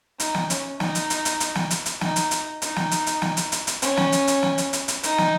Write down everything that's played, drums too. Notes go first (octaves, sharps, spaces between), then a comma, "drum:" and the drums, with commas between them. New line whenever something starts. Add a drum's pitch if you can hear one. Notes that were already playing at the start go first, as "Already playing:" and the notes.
D#4, drum: hi-hat
drum: snare
C#4, drum: hi-hat
D#4, drum: snare
drum: hi-hat
drum: hi-hat
drum: hi-hat
drum: hi-hat
drum: snare
drum: hi-hat
drum: hi-hat
D#4, drum: snare
drum: hi-hat
drum: hi-hat
D#4, drum: hi-hat
drum: snare
drum: hi-hat
drum: hi-hat
drum: snare
drum: hi-hat
drum: hi-hat
drum: hi-hat
C#4, drum: hi-hat
drum: snare
drum: hi-hat
drum: hi-hat
drum: snare
drum: hi-hat
drum: hi-hat
drum: hi-hat
D#4, drum: hi-hat
drum: snare